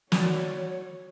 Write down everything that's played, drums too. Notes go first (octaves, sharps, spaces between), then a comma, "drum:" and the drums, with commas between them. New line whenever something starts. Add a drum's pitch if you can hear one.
F#4 C#5 D5, drum: snare